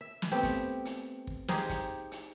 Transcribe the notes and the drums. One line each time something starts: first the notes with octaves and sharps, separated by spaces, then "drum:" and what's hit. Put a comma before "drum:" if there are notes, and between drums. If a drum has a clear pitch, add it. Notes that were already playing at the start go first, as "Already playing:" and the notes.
E5
drum: snare
A3 B3 C4 G4
drum: kick, hi-hat
drum: hi-hat
drum: kick
D#4 G4 G#4 C5, drum: snare
drum: kick, hi-hat
drum: hi-hat